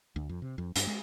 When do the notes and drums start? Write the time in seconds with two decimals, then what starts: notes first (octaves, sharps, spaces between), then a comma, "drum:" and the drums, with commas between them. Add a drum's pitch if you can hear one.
0.16 D2
0.29 F2
0.42 C3
0.58 F2
0.76 G2, drum: hi-hat
0.87 G#3